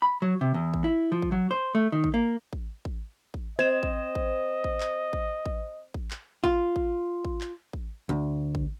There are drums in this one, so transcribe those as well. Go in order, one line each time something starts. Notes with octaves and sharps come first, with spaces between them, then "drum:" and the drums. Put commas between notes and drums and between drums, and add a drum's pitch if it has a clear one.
B5
F#3
C3
E2
drum: kick A1
E4
F3
drum: kick A1
F#3
C5
A3
D#3
drum: kick A1
A#3
drum: kick A1
drum: kick A1
drum: kick A1
C4 C5 D#5 E7
drum: kick A1
drum: kick A1
drum: kick A1
drum: clap
drum: kick A1
drum: kick A1
drum: kick A1
drum: clap
F4, drum: kick A1
drum: kick A1
drum: kick A1
drum: clap
drum: kick A1
D2
drum: kick A1